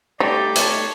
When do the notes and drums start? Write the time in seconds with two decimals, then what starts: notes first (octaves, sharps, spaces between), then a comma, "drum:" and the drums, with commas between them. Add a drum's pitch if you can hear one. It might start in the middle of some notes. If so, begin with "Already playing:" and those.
0.20 G3 A3 D#4 D5 G5
0.55 C#5 A5, drum: hi-hat